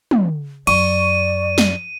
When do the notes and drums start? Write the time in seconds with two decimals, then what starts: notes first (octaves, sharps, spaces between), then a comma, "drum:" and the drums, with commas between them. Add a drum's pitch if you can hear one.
0.11 drum: tom
0.67 F#2 D5 C#6 D#7, drum: cymbal
1.58 drum: snare